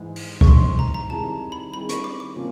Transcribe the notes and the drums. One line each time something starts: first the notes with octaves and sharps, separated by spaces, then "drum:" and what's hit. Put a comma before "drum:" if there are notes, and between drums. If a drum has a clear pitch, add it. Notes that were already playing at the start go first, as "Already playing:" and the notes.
Already playing: G#2 E3 G#3
drum: open hi-hat
C#6, drum: kick
G#2 E3 G#3 C6
A#5
A#5
D#3 G3 C4 E4 G#4 A5
B5
D#3 G3 C4 E4 G#4 B5
C#6, drum: hi-hat
D6
D6
C3 F3 A#3 C#4 F4